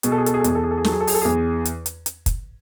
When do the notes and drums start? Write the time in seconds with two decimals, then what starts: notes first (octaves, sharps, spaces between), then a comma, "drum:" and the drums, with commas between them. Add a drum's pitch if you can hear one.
0.03 B2 G#4, drum: hi-hat
0.12 A4
0.18 G#4
0.26 A4, drum: hi-hat
0.34 G#4
0.40 A4
0.44 E2 G#4, drum: hi-hat
0.55 A4
0.64 G#4
0.71 A4
0.78 G#4
0.84 F#3 A4, drum: snare
0.92 G#4
1.00 A4
1.07 G#4, drum: open hi-hat
1.14 A4
1.22 E2 G#4
1.65 drum: hi-hat
1.86 drum: hi-hat
2.06 drum: hi-hat
2.26 drum: kick, hi-hat